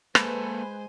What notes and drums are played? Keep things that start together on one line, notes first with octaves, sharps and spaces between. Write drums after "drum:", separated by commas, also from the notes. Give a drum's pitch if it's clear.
G#3 A#3 A4 B4 C5 G#5 A5, drum: rim click